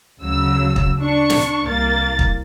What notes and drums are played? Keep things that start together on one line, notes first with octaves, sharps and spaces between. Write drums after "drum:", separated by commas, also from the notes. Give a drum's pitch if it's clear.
D2 C#3 F#3 E6
drum: kick
D4 C#6
drum: snare
C2 A#3 A6
drum: kick